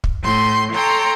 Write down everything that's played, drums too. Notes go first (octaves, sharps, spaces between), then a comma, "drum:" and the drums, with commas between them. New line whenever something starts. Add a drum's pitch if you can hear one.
drum: kick
A2 C6 G6
A4 C#5 G5 A#5 C6